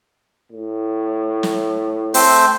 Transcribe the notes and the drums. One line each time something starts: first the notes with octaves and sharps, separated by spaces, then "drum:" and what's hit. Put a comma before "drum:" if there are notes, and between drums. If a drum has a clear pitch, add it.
A2
drum: snare
A3 C4 C5, drum: open hi-hat